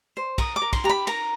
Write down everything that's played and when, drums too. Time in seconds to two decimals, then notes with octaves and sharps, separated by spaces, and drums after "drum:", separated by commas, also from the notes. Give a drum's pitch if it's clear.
0.17 C5
0.38 A#4 D#6, drum: kick, cymbal
0.56 D6
0.62 A#4
0.73 C6, drum: kick, cymbal
0.84 G4 A#5
0.89 B5
1.07 A#4 A#5, drum: cymbal